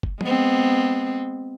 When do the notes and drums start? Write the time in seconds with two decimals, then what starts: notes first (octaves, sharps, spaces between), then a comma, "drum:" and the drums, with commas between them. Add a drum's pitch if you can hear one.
0.03 drum: kick
0.21 G#3 B3 C4, drum: tom F3